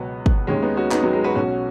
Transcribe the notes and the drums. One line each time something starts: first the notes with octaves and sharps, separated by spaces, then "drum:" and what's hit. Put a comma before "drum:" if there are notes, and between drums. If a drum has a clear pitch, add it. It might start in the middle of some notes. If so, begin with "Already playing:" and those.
Already playing: C#2 B2 F#3 B3
drum: kick
D#2 D#3 G#3 C#4
B3 D#4
C#4 F#4
B3 D#4, drum: clap
F#3 B3
G#3
F#4 B4
B1 B2 C#4 F#4